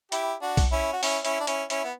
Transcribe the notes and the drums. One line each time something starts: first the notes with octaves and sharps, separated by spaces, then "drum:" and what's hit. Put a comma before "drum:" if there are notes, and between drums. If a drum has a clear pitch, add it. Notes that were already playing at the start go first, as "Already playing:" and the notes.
E4 G4, drum: hi-hat
D4 F#4
drum: kick B1, open hi-hat
C#4 E4
F#4
C#4 E4, drum: open hi-hat
C#4 E4, drum: hi-hat
D4
C#4 E4, drum: hi-hat
C#4 E4, drum: hi-hat
B3